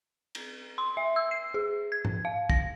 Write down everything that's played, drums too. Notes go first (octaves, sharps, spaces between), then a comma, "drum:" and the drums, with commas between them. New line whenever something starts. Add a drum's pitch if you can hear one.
drum: cymbal
C6
E5
E6
C7
G#4
G#6
drum: tom G#2
F5
A#6, drum: kick